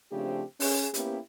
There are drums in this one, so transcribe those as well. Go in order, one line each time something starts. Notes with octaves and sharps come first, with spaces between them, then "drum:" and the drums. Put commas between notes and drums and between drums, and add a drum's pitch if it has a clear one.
C#3 F3 A3 C4 D4 G4
C#4 G#4, drum: open hi-hat
A#3 B3 C#4 E4 G4, drum: hi-hat